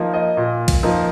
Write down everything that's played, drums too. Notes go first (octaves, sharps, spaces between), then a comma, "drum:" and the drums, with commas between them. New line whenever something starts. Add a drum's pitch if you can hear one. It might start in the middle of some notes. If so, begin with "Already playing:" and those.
Already playing: F3 A#3 D#4
D#5
A#2
drum: kick B1, cymbal
F3 A#3 D#4